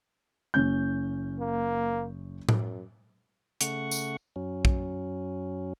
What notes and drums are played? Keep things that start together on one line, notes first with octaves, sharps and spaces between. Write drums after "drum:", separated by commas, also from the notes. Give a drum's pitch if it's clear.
F#1 C#4 G6
A#3
F#2, drum: tom A2
C#3 A3 F#5 C#6, drum: hi-hat
drum: tambourine
F#2 F#3 C#4
drum: kick